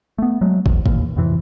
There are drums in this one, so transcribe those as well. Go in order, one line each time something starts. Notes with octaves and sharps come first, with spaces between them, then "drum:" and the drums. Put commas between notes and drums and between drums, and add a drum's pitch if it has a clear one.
A3 B3
F#3 G#3 A3
D#1 A#1 E2, drum: kick
E1 A1 D#2 A#2, drum: kick
F2 A2 C3 E3